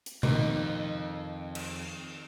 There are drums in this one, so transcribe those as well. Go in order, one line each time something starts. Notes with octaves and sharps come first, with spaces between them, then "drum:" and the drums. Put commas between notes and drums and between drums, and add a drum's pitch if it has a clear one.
drum: hi-hat
F2 D#3, drum: tom B2
drum: cymbal